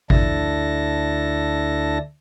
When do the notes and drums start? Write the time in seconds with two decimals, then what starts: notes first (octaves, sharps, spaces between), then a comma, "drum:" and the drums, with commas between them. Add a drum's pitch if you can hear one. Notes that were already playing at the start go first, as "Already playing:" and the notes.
0.10 D2 D4 E4 A4 A5 A#6, drum: kick A1